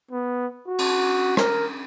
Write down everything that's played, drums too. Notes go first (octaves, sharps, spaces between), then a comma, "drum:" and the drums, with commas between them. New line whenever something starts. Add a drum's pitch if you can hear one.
B3
F#4
drum: cymbal
A#4, drum: rim click